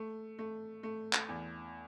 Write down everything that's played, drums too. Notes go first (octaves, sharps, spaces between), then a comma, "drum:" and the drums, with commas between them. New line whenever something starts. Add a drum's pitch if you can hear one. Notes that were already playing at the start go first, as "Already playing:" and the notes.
Already playing: A3
A3
A3
drum: clap
E2